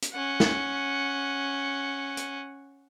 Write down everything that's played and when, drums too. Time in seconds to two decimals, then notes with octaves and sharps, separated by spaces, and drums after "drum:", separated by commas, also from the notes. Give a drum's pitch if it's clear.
0.02 drum: hi-hat
0.12 C#4 F#5
0.40 drum: snare
2.17 drum: hi-hat